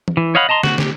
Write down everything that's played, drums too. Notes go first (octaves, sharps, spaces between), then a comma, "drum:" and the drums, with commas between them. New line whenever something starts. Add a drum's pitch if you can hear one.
drum: tom
E3
C#5 D#5 F5 F#5 B5
D#5 A5 A#5 C6
F#4, drum: snare
G4, drum: snare